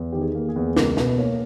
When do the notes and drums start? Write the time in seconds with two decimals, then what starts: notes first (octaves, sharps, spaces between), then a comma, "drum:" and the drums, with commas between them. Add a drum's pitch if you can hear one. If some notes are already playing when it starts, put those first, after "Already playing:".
Already playing: E2
0.13 D#3 G4
0.21 G#4
0.35 A#3
0.49 G#4
0.56 E2
0.77 C#2 A#4, drum: snare
0.97 B2 B4, drum: snare
1.18 A#3 C#5